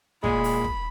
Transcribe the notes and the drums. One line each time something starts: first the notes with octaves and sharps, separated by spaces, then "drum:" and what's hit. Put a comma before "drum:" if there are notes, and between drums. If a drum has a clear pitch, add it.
A#2 G#3 B5, drum: kick
drum: open hi-hat
drum: kick